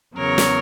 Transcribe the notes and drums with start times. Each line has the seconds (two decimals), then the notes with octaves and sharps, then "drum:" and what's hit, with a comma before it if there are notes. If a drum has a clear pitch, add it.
0.17 E2 C#3 F#3 A#4 C#5
0.38 drum: snare